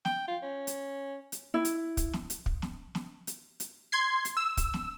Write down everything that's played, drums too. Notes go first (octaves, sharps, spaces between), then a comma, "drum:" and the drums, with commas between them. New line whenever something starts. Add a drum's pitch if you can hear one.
G5, drum: snare
F4
C#4
drum: hi-hat
drum: hi-hat
E4
drum: hi-hat
drum: kick, hi-hat
drum: snare
drum: hi-hat
drum: kick
drum: snare
drum: snare
drum: hi-hat
drum: hi-hat
C6 G#6 C7
drum: hi-hat
E6
drum: kick, hi-hat
drum: snare